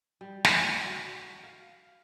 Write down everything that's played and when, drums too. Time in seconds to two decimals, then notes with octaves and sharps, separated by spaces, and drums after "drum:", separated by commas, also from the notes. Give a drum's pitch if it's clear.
0.21 G3
0.44 drum: snare
0.86 F#4
1.43 F5